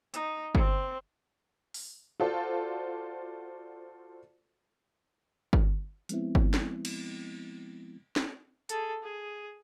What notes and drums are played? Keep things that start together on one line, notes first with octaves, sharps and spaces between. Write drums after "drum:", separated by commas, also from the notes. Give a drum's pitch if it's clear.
D#4, drum: hi-hat
C4, drum: kick G1
drum: open hi-hat
F4 F#4 A4 C5 D5
drum: kick G1
F3 G#3 B3 C4 E4, drum: hi-hat
drum: kick G1
drum: snare
drum: cymbal
drum: snare
G#4 A4, drum: hi-hat
G#4